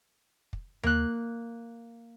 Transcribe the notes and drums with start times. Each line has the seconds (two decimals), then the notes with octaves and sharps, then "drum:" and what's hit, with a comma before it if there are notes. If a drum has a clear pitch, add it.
0.53 drum: kick
0.83 A#3 F#6, drum: tom D#2